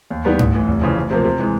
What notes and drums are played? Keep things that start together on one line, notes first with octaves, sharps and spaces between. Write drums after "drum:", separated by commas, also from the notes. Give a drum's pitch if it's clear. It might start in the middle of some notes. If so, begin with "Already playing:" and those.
D#2
D#3 G3 B3
A1, drum: tom G#2
A2 E3
F1
F2 C#3 E3
D2
C3 F3 A#3
C3
E3 G#3